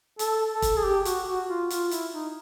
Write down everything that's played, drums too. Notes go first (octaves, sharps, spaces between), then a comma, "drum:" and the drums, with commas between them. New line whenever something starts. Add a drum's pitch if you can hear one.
A4, drum: hi-hat
A4
drum: kick, hi-hat
G#4
G4
F#4, drum: hi-hat
F#4
F4
F4, drum: hi-hat
E4, drum: hi-hat
D#4